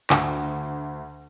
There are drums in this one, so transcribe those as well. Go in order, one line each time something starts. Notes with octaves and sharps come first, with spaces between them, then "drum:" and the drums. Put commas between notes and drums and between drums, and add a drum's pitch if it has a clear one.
D2, drum: clap